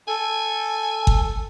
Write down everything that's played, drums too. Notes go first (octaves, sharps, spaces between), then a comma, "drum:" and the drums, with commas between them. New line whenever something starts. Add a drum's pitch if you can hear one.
A4 G#5
drum: kick G1